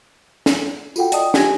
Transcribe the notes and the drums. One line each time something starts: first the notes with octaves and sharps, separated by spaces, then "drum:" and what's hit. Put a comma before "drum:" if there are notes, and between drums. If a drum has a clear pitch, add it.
drum: snare
F4 F#4 A4 F#5 G5, drum: tambourine
D5 D#5 A5 D#6, drum: hi-hat
D4 F4 G4 G#5 G#6 A#6, drum: snare